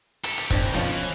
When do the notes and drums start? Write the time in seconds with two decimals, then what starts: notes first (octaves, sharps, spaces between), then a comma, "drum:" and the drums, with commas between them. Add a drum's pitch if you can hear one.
0.24 G4 A4, drum: hi-hat
0.38 drum: hi-hat
0.50 C#2 C4 D4 G5, drum: kick, hi-hat
0.73 B1 A2 F3 C4 C#4
0.89 E3